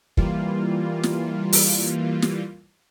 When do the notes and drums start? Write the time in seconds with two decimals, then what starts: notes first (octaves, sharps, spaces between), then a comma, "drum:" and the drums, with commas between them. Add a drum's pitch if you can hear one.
0.17 E3 G3 A#3 F4, drum: kick
1.03 drum: snare
1.53 drum: open hi-hat
2.22 drum: snare